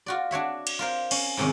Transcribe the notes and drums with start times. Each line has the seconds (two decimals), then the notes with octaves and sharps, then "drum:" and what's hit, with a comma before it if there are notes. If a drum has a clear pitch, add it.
0.06 F4 F#4 D5
0.31 D4 F#4 C#5 E5
0.67 drum: cymbal
0.79 F4 A#4 C5
1.11 C#4, drum: cymbal
1.37 G#2 C3 D#3 C#4